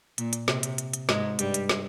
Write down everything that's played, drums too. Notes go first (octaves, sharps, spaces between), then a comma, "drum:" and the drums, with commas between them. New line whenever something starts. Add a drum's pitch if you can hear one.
A#2, drum: hi-hat
drum: hi-hat
C3, drum: snare
drum: hi-hat
drum: hi-hat
drum: hi-hat
G#2 G#3, drum: snare
G2 G3, drum: hi-hat
drum: hi-hat
drum: snare